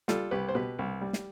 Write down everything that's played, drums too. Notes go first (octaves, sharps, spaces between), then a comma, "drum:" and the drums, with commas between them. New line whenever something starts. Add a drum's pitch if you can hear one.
G3 F4 A4, drum: snare
C2 G4 B4
C5
B2 G4 B4
C2
G3
drum: snare